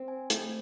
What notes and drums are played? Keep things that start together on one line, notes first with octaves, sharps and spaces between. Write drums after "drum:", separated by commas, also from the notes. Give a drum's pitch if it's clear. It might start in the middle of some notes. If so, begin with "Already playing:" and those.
Already playing: C4
G#5
A3, drum: hi-hat